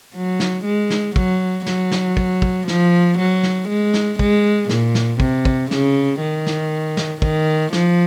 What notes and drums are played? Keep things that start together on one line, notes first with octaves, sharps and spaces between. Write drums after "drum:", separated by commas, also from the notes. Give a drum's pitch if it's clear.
F#3
drum: snare
G#3
drum: snare
F#3, drum: kick
F#3, drum: snare
drum: snare
drum: kick
drum: kick
F3, drum: snare
F#3
drum: snare
G#3
drum: snare
G#3, drum: kick
A#2, drum: snare
drum: snare
C3, drum: kick
drum: kick
C#3, drum: snare
D#3
drum: snare
drum: snare
D#3, drum: kick
F3, drum: snare